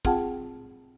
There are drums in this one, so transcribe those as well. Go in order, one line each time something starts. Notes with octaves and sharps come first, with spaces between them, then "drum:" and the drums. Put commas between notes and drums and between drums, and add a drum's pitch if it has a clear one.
C4 F4 G#4 F#5 G5 A5, drum: kick